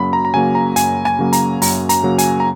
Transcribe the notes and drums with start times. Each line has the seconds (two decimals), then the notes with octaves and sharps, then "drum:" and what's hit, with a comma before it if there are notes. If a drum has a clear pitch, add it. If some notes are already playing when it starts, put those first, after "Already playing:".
Already playing: F#2 C#3 F#3 A#3 B5
0.13 A#5
0.25 A#5
0.34 C#3 F#3 A#3 G#5
0.55 A#5
0.76 F#2 G#5, drum: hi-hat
1.05 G#5, drum: rim click
1.19 C#3 F#3 A#3
1.33 A#5, drum: hi-hat
1.62 F#2 A#5, drum: open hi-hat
1.89 A#5, drum: hi-hat
2.03 C#3 F#3 A#3
2.18 G#5, drum: hi-hat
2.40 A#5